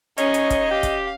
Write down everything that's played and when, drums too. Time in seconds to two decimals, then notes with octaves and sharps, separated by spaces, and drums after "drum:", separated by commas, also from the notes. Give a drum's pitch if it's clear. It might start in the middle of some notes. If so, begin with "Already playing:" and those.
0.18 C#4 D#4 G#4 C#5 D#5, drum: hi-hat
0.34 drum: hi-hat
0.50 drum: kick, hi-hat
0.70 G4 F5
0.83 drum: kick, hi-hat